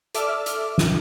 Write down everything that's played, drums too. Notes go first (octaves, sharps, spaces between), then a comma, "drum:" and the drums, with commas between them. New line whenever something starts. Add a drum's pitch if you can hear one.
A4 D5 E5 D6 E6 F6, drum: hi-hat
drum: hi-hat
drum: snare